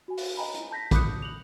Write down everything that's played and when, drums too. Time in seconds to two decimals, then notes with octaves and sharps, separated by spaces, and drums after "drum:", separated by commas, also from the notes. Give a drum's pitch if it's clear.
0.08 F#4 G#5
0.18 drum: open hi-hat
0.37 D#5 G5 G#5 A#5 B5
0.55 drum: hi-hat
0.71 A5 G6 A#6 B6
0.91 B5 D6 D#6 F#6 G6 C#7, drum: kick, hi-hat
1.22 F7 F#7